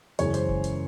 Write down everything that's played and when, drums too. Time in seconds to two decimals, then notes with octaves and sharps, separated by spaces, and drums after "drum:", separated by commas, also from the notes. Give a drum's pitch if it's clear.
0.19 F#2 C#3 E3 G#3 C#5, drum: hi-hat
0.34 C5, drum: hi-hat
0.49 drum: kick
0.64 drum: hi-hat